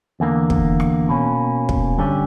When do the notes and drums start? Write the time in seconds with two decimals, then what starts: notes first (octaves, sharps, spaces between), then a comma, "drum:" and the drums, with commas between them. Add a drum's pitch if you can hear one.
0.20 E2 D3 A#3
0.50 drum: kick
0.80 drum: rim click
1.09 B2 A#3 C#4
1.69 drum: kick
1.98 G2 D3 G3 C#4